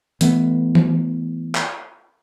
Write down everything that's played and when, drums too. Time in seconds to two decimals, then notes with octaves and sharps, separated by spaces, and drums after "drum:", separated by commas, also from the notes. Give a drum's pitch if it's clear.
0.21 E3 A3 B3, drum: hi-hat
0.75 drum: tom E3
1.55 drum: clap